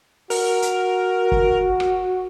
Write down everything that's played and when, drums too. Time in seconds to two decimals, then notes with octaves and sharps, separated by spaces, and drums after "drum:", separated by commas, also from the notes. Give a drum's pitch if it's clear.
0.30 F#4 A#4, drum: open hi-hat
0.62 drum: hi-hat
1.32 drum: kick
1.80 drum: rim click